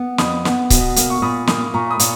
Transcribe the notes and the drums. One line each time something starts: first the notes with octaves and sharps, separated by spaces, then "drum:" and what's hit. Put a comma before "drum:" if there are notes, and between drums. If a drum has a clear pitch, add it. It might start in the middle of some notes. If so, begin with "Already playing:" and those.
Already playing: B3
F2 B5 D#6, drum: snare
B3, drum: snare
B2, drum: kick C#1, hi-hat
A#3, drum: hi-hat
C#6
A#2 B5 D#6
A#3 B5 D#6, drum: snare
A#2 A#5 C#6
B5 D#6
A#2, drum: hi-hat